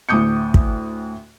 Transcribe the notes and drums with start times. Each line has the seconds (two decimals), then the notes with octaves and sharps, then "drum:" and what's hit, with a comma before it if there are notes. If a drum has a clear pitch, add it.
0.09 D2 A2 D6 D#6 G6 C#7
0.54 drum: kick